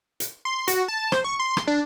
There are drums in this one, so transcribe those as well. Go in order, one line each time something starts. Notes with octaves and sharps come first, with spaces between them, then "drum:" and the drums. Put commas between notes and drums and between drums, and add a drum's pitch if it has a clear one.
drum: hi-hat
C6
F#4, drum: hi-hat
A5
C5, drum: rim click
C#6
C6
drum: rim click
D4